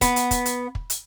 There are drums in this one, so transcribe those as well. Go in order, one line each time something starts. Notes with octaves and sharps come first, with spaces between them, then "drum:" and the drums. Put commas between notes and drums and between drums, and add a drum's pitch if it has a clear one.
B3, drum: kick, hi-hat
drum: hi-hat
drum: kick, hi-hat
drum: hi-hat
drum: kick
drum: hi-hat